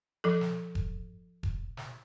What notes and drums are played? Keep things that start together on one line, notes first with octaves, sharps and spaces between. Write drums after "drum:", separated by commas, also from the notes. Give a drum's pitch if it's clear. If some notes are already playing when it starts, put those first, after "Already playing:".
F3 A4
drum: snare
drum: kick E1
drum: kick E1
drum: snare